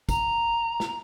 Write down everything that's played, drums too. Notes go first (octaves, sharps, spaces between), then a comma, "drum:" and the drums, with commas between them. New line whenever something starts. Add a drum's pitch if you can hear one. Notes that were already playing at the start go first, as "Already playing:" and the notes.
A#5, drum: kick, tambourine
drum: snare